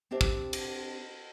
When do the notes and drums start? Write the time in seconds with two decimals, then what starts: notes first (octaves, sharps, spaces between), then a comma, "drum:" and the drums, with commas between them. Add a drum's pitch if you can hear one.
0.11 C4 D4 G4 C5 E5
0.21 drum: kick
0.53 drum: cymbal